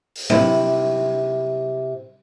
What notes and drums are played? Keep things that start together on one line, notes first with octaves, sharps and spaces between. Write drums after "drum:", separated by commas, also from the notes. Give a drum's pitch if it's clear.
drum: open hi-hat
C3 E4, drum: tom F#3